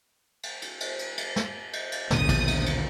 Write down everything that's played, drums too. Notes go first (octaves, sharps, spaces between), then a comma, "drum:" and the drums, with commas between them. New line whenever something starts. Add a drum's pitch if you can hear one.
drum: cymbal
drum: cymbal
drum: cymbal
drum: cymbal
drum: cymbal
drum: snare
drum: cymbal
drum: cymbal
A#1 D#2 B2 D3 D#6, drum: snare
drum: kick, cymbal
drum: cymbal
drum: cymbal